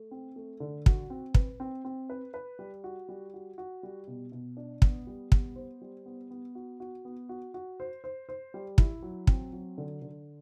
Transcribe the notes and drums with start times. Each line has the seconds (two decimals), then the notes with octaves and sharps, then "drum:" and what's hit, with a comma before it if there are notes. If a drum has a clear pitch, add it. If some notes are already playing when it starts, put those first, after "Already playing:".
Already playing: A3
0.11 C4
0.36 A3
0.60 D3
0.86 F#4, drum: kick
1.10 C4
1.35 B4, drum: kick
1.60 C4
1.85 C4
2.10 B4
2.34 B4
2.59 G3
2.84 F#4
3.09 G3
3.34 F#4
3.58 F#4
3.83 G3
4.07 B2
4.32 B2
4.57 D4
4.82 B3, drum: kick
5.07 G3
5.32 B3, drum: kick
5.56 C5
5.81 G3
6.06 B3
6.30 B3
6.55 F#4
6.80 F#4
7.05 B3
7.29 F#4
7.54 F#4
7.80 C5
8.04 C5
8.29 C5
8.54 G3
8.78 E4, drum: kick
9.03 F#3
9.27 C4, drum: kick
9.53 F#3
9.78 D3
10.02 D3